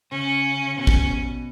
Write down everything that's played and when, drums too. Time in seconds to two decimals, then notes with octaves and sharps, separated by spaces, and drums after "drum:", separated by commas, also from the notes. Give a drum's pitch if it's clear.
0.12 C#3 C#4
0.78 B2 C#4
0.87 drum: kick